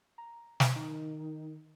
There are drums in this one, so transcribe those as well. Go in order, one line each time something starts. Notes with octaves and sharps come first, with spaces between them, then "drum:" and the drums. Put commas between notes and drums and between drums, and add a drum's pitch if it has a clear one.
A#5
drum: snare
D#3 D#4